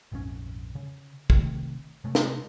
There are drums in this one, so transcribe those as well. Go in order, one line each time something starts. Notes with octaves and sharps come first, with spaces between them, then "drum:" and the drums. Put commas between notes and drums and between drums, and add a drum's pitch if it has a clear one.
A#1 F2 G#2 C#4
C#3
C3 D#3 A3, drum: kick
C3 G#3 A3
drum: snare